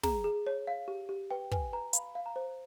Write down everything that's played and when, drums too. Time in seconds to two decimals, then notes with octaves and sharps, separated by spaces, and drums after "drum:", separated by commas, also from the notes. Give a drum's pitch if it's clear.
0.03 G#4 A#5, drum: snare
0.24 G#4
0.47 C#5
0.67 F5
0.88 G4
1.09 G4
1.31 B4 G5
1.51 B4 G#5, drum: kick
1.73 B4 A#5
1.93 F5 B5, drum: hi-hat
2.15 F5
2.26 A#5
2.36 C5